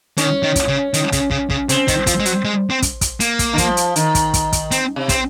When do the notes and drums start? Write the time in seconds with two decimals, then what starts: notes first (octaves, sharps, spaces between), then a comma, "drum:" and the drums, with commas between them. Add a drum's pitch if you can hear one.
0.17 D#3 C#4, drum: hi-hat
0.43 D#3
0.56 drum: kick, hi-hat
0.68 C#3
0.94 D#3, drum: hi-hat
1.12 C#3, drum: kick, hi-hat
1.31 C#3, drum: kick
1.50 C#3, drum: kick
1.69 C#3 C4, drum: hi-hat
1.88 D#3, drum: kick, hi-hat
2.07 F3, drum: kick, hi-hat
2.20 G#3
2.25 F#3, drum: hi-hat
2.45 G#3
2.70 C4
2.82 drum: kick, hi-hat
3.01 drum: kick, hi-hat
3.20 A#3, drum: hi-hat
3.39 drum: kick, hi-hat
3.53 D#3
3.58 F3, drum: kick, hi-hat
3.77 drum: hi-hat
3.96 D#3, drum: hi-hat
4.15 drum: kick, hi-hat
4.34 drum: kick, hi-hat
4.53 drum: kick, hi-hat
4.71 C4, drum: hi-hat
4.96 C3
5.09 C4, drum: kick, hi-hat